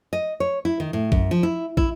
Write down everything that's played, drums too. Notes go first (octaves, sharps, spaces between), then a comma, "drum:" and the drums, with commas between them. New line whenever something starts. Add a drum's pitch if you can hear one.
D#5
C#5
E4
D#3
A2
F#2, drum: kick
F3
E4
E4, drum: kick